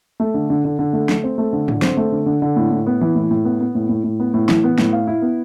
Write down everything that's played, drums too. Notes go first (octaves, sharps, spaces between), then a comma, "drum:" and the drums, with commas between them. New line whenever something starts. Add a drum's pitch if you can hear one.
A3
D3
D3
D3
D3
A3
A3, drum: snare
C4
A3
D3
D3, drum: tom G#2
C4, drum: snare
A3
D3
D3
D3
A2
A2
B3
E3
A2
A2
B3
B3
A2
A2
A2
B3
A2
E3, drum: snare
B3
A2, drum: snare
F5
E4
B3